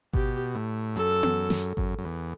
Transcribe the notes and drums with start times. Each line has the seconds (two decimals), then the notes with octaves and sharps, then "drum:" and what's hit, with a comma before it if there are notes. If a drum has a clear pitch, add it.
0.14 B2 G4, drum: kick G#1
0.55 A2
0.96 F#2 A4
1.23 drum: tom B3
1.50 drum: snare
1.77 F#2, drum: kick G#1
1.99 F#2
2.05 E2